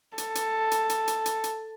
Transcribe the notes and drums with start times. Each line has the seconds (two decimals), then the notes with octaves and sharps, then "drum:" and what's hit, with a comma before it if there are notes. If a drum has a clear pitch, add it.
0.18 A4, drum: hi-hat
0.35 drum: hi-hat
0.71 drum: hi-hat
0.89 drum: hi-hat
1.08 drum: hi-hat
1.26 drum: hi-hat
1.44 drum: hi-hat